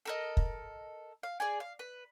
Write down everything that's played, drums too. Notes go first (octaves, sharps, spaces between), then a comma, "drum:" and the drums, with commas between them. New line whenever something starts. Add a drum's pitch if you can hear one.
A4 A#4 D#5
drum: kick
F5
G#4 D5 G#5
F5
B4